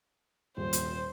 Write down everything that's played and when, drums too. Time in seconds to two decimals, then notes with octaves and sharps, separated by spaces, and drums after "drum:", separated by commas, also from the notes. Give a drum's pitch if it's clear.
0.57 D#1 C5
0.73 drum: hi-hat